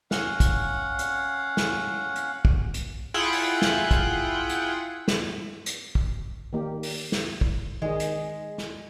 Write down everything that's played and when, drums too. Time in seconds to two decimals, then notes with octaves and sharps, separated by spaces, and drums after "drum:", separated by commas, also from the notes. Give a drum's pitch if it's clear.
0.11 C#4 F5 F#5, drum: snare
0.40 drum: kick, hi-hat
0.99 drum: hi-hat
1.57 drum: snare
2.16 drum: hi-hat
2.45 drum: kick
2.74 drum: hi-hat
3.14 E4 F4 G#4 F#5 G5
3.32 drum: open hi-hat
3.62 drum: snare
3.91 drum: kick, hi-hat
4.49 drum: hi-hat
5.08 drum: snare
5.66 drum: hi-hat
5.95 drum: kick
6.53 D#3 A#3 G4
6.83 drum: open hi-hat
7.12 drum: snare
7.41 drum: kick
7.82 D#3 G#3 G#4
8.00 drum: hi-hat
8.58 drum: snare